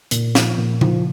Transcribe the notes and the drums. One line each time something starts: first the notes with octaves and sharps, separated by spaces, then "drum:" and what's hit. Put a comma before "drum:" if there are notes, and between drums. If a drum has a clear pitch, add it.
A#2, drum: hi-hat
F3, drum: snare
A#2
F3, drum: tom C#3